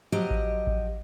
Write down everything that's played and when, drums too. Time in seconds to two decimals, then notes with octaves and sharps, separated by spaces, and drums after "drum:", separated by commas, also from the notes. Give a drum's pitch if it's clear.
0.12 F3 F#3 G4 D#5
0.31 drum: kick A1
0.67 drum: kick A1